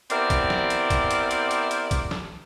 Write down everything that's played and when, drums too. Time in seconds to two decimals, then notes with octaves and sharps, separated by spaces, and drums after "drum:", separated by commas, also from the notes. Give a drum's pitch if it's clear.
0.10 B3 C4 E4 G4 A#4 D5, drum: hi-hat
0.30 drum: kick, hi-hat
0.50 drum: snare
0.70 drum: hi-hat
0.90 drum: kick, hi-hat
1.11 drum: hi-hat
1.31 drum: hi-hat
1.51 drum: hi-hat
1.71 drum: hi-hat
1.91 drum: kick, hi-hat
2.11 drum: snare